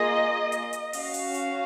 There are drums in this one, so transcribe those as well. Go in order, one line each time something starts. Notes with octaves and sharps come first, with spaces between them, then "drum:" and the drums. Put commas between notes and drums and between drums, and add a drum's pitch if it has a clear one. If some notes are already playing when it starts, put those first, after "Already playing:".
Already playing: A#3 F4 G#4 D#5
drum: hi-hat
drum: hi-hat
C#4 F#4 F5, drum: open hi-hat
drum: open hi-hat
drum: hi-hat